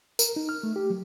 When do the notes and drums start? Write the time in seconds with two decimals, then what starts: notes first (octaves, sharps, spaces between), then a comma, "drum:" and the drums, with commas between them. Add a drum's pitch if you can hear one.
0.19 A#4, drum: tambourine
0.36 D#4
0.49 F6
0.63 A3
0.76 G4
0.90 F#3